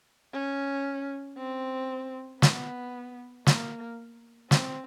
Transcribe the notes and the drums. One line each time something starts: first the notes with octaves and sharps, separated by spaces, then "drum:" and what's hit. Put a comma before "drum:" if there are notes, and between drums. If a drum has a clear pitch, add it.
C#4
C4
B3, drum: snare
A#3, drum: snare
C4, drum: snare